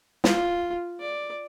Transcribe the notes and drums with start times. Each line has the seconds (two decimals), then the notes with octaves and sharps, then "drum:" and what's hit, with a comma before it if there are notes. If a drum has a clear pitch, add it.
0.24 F4, drum: snare
1.00 D5